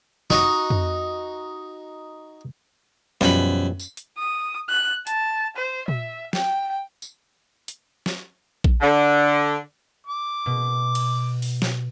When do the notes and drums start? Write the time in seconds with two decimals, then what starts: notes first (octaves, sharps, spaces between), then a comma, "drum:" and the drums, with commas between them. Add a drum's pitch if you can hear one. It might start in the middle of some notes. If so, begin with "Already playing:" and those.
0.30 D#4 F#4, drum: snare
0.70 drum: tom F2
3.21 F#2 B2 F3 G3 B5, drum: snare
3.79 drum: tambourine
3.97 drum: hi-hat
4.18 D#6
4.69 F#6
5.07 A5, drum: hi-hat
5.56 C5
5.88 E5, drum: tom A#2
6.33 G5, drum: snare
7.02 drum: tambourine
7.68 drum: hi-hat
8.06 drum: snare
8.64 drum: kick A#1
8.81 D3
10.06 D6
10.46 B2
10.95 drum: cymbal
11.42 drum: open hi-hat
11.62 drum: snare